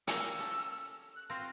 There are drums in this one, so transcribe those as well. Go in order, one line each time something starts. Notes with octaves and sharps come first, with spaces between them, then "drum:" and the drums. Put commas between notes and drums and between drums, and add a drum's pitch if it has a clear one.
A#3 G4 G#5 E6, drum: hi-hat
C#4 A4
F#6
C4 F4 F#4 C6